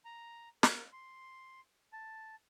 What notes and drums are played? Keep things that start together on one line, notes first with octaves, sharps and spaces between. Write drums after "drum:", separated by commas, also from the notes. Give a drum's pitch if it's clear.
A#5
A#4, drum: snare
C6
A5